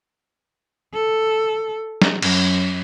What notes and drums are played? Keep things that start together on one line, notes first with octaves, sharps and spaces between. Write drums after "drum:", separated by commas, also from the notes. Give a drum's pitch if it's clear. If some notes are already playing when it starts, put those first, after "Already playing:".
A4
drum: snare
F#2, drum: cymbal